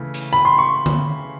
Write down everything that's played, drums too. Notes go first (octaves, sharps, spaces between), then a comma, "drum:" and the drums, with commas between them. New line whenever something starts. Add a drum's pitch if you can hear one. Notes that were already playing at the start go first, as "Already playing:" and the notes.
Already playing: C#3 E3 A3
drum: hi-hat
B5
C6
C#6
drum: tom D3